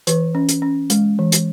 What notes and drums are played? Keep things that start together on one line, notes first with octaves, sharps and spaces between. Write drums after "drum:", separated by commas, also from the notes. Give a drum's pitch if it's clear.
E3 B4, drum: hi-hat
C#4
drum: hi-hat
C#4
G#3, drum: hi-hat
E3
drum: hi-hat